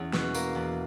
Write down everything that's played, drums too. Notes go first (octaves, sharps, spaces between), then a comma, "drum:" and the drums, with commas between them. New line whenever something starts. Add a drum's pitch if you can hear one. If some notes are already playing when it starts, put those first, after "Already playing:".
Already playing: E2 C#4 G#4
B2, drum: snare
A#3, drum: tambourine
E2